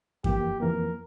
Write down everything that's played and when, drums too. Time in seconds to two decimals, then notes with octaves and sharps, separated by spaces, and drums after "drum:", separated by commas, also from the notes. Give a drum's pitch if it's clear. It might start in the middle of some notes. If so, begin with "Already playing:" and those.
0.24 F2 E3 A#3 G4, drum: kick F#2
0.60 F2 E3 A#3 A#4